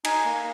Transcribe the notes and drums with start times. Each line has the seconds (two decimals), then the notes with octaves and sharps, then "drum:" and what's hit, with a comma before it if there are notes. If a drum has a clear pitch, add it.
0.05 D#4 G#5, drum: cymbal
0.25 A#3